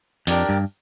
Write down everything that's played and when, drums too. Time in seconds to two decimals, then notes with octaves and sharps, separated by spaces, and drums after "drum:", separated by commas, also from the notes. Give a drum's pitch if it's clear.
0.27 F2 D4 G4 A#4 D5, drum: open hi-hat
0.49 G2